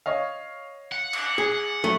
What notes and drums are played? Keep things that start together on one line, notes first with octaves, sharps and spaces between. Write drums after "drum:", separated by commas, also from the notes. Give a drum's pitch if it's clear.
C#5 D#5 F5
F#5
drum: cymbal
G#4
F#3 A3